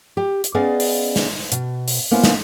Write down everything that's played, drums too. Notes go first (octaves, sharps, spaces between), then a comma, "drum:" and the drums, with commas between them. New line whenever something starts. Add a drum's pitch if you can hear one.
G4
drum: hi-hat
B3 C#4 G#4 D5 D#5 F5
drum: open hi-hat
drum: snare
B2, drum: hi-hat
drum: open hi-hat
A#3 B3 C#4 E4 C5
drum: snare